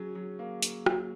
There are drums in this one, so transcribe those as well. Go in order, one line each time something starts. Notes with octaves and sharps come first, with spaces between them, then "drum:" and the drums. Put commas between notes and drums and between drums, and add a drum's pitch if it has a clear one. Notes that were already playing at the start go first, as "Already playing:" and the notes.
Already playing: F#3 C#4 G#4
F#3
A#3
A#3, drum: hi-hat
F#3, drum: rim click